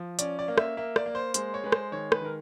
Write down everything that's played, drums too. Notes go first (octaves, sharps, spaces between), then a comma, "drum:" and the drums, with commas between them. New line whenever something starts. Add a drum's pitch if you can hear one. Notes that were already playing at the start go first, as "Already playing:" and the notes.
Already playing: F3
C#4 D5, drum: hi-hat
D5
A#3
E5, drum: rim click
A#3 E5
D5, drum: rim click
A#3
C5
G#3 C5, drum: hi-hat
C#5
G#3 B4
C5, drum: rim click
D#3 C#5
B4, drum: rim click
D#3 A#4